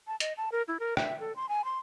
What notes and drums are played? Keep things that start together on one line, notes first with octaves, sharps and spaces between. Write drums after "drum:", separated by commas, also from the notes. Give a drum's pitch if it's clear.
A5
D#5, drum: hi-hat
A5
A#4
E4
A#4
E5, drum: rim click
A4
C6
G#5
C6